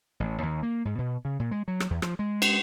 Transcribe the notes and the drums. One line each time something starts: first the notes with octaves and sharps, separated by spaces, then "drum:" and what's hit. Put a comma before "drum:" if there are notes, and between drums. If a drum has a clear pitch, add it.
A1
D#2
A#3
G#2
B2
C#3
A#2
G#3
F#3
drum: rim click
E2
F3, drum: rim click
G#3
drum: cymbal